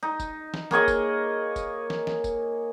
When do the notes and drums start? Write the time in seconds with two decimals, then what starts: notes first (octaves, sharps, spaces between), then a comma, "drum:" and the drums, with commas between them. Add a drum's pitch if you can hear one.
0.03 D#4
0.20 drum: kick F1, tambourine
0.54 drum: snare
0.71 A#3 G#4 C#5 D#5, drum: snare
0.88 drum: kick F1, tambourine
1.56 drum: kick F1, tambourine
1.90 drum: snare
2.07 drum: snare
2.24 drum: kick F1, tambourine